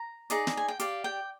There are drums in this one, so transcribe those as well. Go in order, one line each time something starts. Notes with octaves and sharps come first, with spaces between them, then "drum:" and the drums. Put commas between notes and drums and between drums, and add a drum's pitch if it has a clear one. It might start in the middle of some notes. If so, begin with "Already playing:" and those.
Already playing: A#5
D#4 G#4 D5, drum: hi-hat
drum: snare
G#5
G5
G4 D5 F5, drum: hi-hat
G5